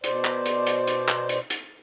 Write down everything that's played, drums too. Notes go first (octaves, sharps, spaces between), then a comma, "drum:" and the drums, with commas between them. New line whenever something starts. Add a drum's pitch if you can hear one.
B2 C5 D5, drum: hi-hat
drum: clap
drum: hi-hat
drum: hi-hat
drum: hi-hat
drum: clap
drum: hi-hat
drum: hi-hat